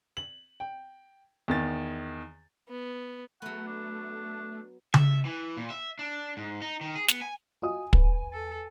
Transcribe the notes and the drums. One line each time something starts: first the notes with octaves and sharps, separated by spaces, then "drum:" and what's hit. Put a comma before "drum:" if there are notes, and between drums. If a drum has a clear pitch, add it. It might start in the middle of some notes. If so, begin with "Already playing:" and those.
F#7
G5
E2 D#3 A6
B3
F#3 A3 B3 F#5
D4
E5, drum: tom C#3
E3
A#2
E5
D4
G#2
D#4
D#3
G#4
B3, drum: snare
G#5
F4 F#4 D#5 G#5 D#6
E2 B4, drum: kick
A4